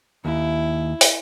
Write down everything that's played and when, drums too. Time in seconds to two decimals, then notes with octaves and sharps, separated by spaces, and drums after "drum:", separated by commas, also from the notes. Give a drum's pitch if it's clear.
0.25 D#2 E4
1.01 drum: open hi-hat